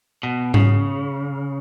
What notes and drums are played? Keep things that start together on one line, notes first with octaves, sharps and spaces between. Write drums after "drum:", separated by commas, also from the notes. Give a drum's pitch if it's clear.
B2
C#3, drum: tom G#2